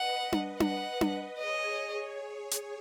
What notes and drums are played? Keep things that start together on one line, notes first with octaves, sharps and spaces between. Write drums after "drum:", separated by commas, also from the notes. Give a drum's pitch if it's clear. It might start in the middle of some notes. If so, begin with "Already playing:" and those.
Already playing: B4 D#5 F#5
drum: tom D4
F#5, drum: tom D4
drum: tom D4
G#4 C#5 D#5
drum: hi-hat